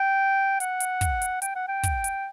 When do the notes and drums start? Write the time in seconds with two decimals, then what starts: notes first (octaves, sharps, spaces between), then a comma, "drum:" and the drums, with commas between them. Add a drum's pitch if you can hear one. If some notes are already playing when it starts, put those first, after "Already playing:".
Already playing: G5
0.60 F#5, drum: hi-hat
0.80 drum: hi-hat
1.01 drum: kick, hi-hat
1.22 drum: hi-hat
1.42 G5, drum: hi-hat
1.55 F#5
1.68 G5
1.83 drum: kick, hi-hat
2.04 drum: hi-hat